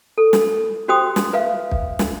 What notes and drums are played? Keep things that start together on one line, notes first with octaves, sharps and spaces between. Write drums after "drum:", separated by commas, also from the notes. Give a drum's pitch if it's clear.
A4
drum: snare
F#4 G4 C5 G5 D#6
drum: snare
B4 E5 F5
drum: kick
drum: snare